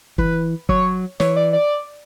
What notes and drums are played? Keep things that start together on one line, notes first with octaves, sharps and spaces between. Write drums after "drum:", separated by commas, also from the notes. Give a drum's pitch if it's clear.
E3 B4, drum: kick
F#3 C#5, drum: kick
E3 C#5, drum: snare
D5
D5